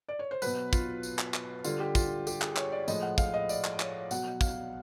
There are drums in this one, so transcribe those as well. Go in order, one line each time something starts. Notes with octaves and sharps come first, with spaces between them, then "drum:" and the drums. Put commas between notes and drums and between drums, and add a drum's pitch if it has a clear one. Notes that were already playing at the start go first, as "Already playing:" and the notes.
D5
C#5
C5
B2 F#3 B4, drum: tambourine
F4, drum: kick, tambourine
drum: tambourine
drum: clap
drum: clap
D3 G3 F4, drum: tambourine
G4
F4, drum: kick, tambourine
G4, drum: tambourine
G#4, drum: clap
C#5, drum: clap
D5
A2 F3 G#3 D#5, drum: tambourine
F#5
F5, drum: kick, tambourine
D#5
D5, drum: tambourine
drum: clap
C#5, drum: clap
B2 F#3 F#5, drum: tambourine
F5, drum: kick, tambourine